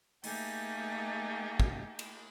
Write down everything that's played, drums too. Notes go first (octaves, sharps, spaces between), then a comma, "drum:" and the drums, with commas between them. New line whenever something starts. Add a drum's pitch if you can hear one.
A3 A#3 D#4 G4 G#4, drum: open hi-hat
drum: kick
drum: cymbal